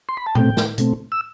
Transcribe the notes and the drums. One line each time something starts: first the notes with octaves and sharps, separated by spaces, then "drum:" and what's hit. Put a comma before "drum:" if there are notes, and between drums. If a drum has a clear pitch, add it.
C6
B5
A5
B2 A3 C4 G5, drum: tom A2
drum: snare
B2 A3 C4, drum: hi-hat
E6